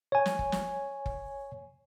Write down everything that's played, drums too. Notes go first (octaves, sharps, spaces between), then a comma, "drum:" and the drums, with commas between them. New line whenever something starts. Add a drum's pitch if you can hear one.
C#5 G#5
drum: snare
drum: kick F#1
drum: snare
drum: kick F#1